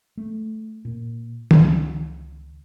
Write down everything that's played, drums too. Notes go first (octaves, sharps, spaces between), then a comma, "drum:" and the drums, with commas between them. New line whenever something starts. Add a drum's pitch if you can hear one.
A3
A#2
C#2, drum: tom